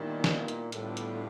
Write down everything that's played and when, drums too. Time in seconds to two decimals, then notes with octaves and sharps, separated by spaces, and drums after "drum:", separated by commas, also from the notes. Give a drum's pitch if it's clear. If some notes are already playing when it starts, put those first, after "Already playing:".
Already playing: A#2 D#3 G3 B3 E4 G4
0.24 drum: snare
0.48 drum: hi-hat
0.72 A2 D3 G3 B3 D4 F4, drum: hi-hat
0.97 drum: hi-hat